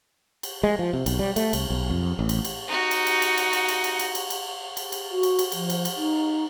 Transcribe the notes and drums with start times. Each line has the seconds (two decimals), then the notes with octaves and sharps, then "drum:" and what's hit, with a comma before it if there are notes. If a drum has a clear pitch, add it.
0.43 drum: cymbal
0.63 G#3
0.79 F3
0.93 C3
1.06 B1, drum: cymbal
1.19 G3
1.36 A3, drum: cymbal
1.53 C2, drum: cymbal
1.70 B1
1.90 F2
2.19 A1
2.29 drum: cymbal
2.45 drum: cymbal
2.68 D#4 F#4
2.91 drum: cymbal
3.07 drum: cymbal
3.22 drum: cymbal
3.37 drum: cymbal
3.53 drum: cymbal
3.68 drum: cymbal
3.84 drum: cymbal
3.99 drum: cymbal
4.15 drum: cymbal
4.30 drum: cymbal
4.77 drum: cymbal
4.92 drum: cymbal
5.11 F#4
5.23 drum: cymbal
5.39 drum: cymbal
5.52 F3, drum: cymbal
5.70 drum: cymbal
5.85 drum: cymbal
5.97 D#4